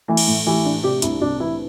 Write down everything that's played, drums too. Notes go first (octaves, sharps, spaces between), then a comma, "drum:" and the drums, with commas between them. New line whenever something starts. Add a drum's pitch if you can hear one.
E3 A3
drum: cymbal
A2
E3 G4
D4
C3 G4
C2 E4, drum: hi-hat
C2 D4
E3 E4